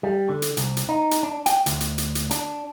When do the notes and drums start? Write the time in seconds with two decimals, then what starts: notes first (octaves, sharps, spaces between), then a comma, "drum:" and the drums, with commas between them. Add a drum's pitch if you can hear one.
0.03 G3
0.29 D3
0.42 drum: hi-hat
0.57 C2, drum: hi-hat
0.77 drum: hi-hat
0.89 D#4
1.11 drum: hi-hat
1.23 D4
1.46 G5, drum: hi-hat
1.66 D2, drum: hi-hat
1.81 drum: hi-hat
1.98 drum: hi-hat
2.15 drum: hi-hat
2.31 D4, drum: hi-hat